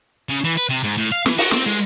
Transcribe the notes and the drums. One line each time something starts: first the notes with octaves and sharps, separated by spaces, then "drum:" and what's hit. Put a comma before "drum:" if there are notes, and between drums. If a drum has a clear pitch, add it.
C#3
E3
B4
C3
G#2
A2
F5
E3, drum: snare
F#4, drum: open hi-hat
C4, drum: snare
G#3